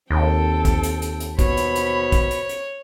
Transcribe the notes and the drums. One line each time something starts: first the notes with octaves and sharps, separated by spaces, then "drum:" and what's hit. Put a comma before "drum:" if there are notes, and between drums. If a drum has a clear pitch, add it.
D#2 C4 A4 G5
drum: kick, hi-hat
drum: hi-hat
drum: hi-hat
drum: hi-hat
B2 C5 C#5 B5, drum: kick, hi-hat
drum: hi-hat
drum: hi-hat
drum: kick, hi-hat
drum: hi-hat
drum: hi-hat